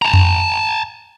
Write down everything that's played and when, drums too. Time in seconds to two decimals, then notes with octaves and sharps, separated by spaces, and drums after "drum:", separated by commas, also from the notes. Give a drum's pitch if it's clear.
0.02 A5 A#5
0.14 drum: tom F2